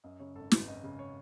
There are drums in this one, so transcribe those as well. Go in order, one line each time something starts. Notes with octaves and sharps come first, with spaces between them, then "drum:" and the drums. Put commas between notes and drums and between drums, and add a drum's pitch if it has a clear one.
F#2 D#5
C#3 C#5
G#1 A4
G#1 B4, drum: snare
F#2 D#5
C#3
C#5